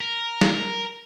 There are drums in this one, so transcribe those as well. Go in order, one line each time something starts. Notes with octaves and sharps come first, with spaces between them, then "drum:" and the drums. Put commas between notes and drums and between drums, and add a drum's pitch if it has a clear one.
A#4
drum: snare